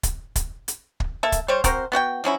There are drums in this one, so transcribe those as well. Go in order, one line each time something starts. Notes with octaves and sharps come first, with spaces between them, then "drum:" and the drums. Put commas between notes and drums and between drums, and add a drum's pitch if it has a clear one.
drum: kick, hi-hat
drum: kick, hi-hat
drum: hi-hat
drum: kick
A#3 A4 E5
drum: kick, hi-hat
G3 C5 C#5
C4 F#4 A#4 C5, drum: kick, hi-hat
B3 F#4 F#5 G5
F3 F#3 C#4 E4